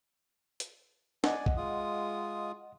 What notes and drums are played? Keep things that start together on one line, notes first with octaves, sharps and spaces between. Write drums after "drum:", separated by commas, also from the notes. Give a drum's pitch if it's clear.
drum: hi-hat
D5 D#5 F#5 G#5, drum: snare
drum: kick
G#3 F4 D#6